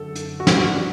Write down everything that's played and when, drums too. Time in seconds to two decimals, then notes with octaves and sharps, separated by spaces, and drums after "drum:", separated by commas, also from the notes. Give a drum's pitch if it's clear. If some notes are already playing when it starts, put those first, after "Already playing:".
Already playing: F#2 D3 F#3 A3 C4 A4
0.15 drum: hi-hat
0.40 F#4
0.47 G2 F#3 A3 G4, drum: snare
0.58 F#4
0.68 D4